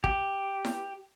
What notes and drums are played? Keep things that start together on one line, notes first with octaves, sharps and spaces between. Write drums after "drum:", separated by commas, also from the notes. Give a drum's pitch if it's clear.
G4, drum: kick
drum: snare E4